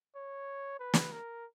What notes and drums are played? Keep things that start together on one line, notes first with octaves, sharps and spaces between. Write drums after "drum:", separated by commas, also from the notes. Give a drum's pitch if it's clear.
C#5
B4
drum: snare
A#4